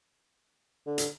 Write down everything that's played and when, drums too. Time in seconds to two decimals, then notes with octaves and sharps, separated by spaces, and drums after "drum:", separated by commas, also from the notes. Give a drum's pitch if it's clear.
0.87 D3
0.98 drum: hi-hat